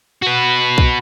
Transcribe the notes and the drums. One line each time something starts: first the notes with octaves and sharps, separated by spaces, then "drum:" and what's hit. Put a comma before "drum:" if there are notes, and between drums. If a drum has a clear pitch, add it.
F#4 B4
drum: kick B1